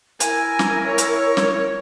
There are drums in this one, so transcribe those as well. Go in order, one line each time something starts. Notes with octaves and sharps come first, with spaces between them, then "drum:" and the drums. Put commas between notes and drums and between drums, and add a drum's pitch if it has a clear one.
E4 A#4 G#5, drum: hi-hat
drum: snare
C#5
drum: hi-hat
drum: snare